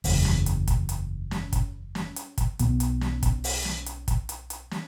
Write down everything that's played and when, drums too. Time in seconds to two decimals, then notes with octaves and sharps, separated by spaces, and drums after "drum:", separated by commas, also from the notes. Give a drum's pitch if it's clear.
0.04 F#1 E2 C#3, drum: open hi-hat
0.25 drum: snare
0.46 drum: hi-hat
0.68 drum: kick, hi-hat
0.89 drum: hi-hat
1.31 drum: snare
1.53 drum: kick, hi-hat
1.95 drum: snare
2.16 drum: hi-hat
2.38 drum: kick, hi-hat
2.59 B1 B2 B3, drum: hi-hat
2.80 drum: hi-hat
3.01 drum: snare
3.23 drum: kick, hi-hat
3.44 drum: open hi-hat
3.65 drum: snare
3.86 drum: hi-hat
4.08 drum: kick, hi-hat
4.29 drum: hi-hat
4.50 drum: hi-hat
4.71 drum: snare